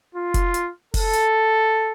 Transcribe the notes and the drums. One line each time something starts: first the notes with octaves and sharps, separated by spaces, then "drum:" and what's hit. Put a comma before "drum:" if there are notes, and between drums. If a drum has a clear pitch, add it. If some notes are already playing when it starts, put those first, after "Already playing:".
F4
drum: kick F1, hi-hat
drum: hi-hat
A4, drum: kick F1, open hi-hat
drum: hi-hat